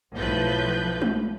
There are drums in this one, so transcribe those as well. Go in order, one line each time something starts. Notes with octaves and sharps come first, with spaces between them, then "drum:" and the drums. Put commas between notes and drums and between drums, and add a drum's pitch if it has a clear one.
B1 A2 F3 B4 G6
drum: tom G#3